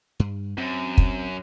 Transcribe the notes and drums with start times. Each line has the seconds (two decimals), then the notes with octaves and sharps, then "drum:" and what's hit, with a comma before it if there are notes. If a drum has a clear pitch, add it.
0.20 G2
0.58 F#2 C4
0.98 drum: kick